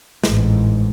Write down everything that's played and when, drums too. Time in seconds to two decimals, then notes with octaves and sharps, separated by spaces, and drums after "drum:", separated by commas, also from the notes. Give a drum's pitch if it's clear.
0.24 A1 G#2, drum: snare